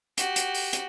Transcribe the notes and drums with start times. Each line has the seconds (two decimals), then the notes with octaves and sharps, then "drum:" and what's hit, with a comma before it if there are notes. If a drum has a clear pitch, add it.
0.18 F#4 G4, drum: hi-hat
0.36 drum: hi-hat
0.54 drum: open hi-hat
0.73 drum: hi-hat